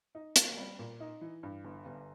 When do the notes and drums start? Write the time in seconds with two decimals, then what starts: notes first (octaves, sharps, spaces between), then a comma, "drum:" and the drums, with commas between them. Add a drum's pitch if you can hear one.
0.15 D#4
0.36 A#3, drum: hi-hat
0.57 G3
0.79 A#2
1.00 D#4
1.21 E3
1.43 G2
1.65 G1
1.86 G1